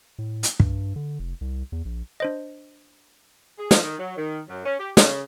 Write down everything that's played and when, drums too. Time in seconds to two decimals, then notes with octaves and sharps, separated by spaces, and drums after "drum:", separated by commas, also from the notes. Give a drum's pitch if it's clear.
0.19 A2
0.43 drum: hi-hat
0.60 G2, drum: kick
0.96 D3
1.19 F1
1.41 C2
1.72 E2
1.85 A#1
2.20 D4 C5 D#5
3.58 G#4
3.71 F3, drum: snare
3.83 D#3
3.99 F#3
4.17 D#3
4.48 F#2
4.66 C#4
4.79 G4
4.97 C#3, drum: snare